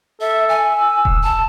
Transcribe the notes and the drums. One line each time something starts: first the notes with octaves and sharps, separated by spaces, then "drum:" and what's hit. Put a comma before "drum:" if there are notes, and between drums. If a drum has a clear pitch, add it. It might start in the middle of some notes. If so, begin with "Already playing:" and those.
A4 E5
G#5
E6
drum: kick D#1
A5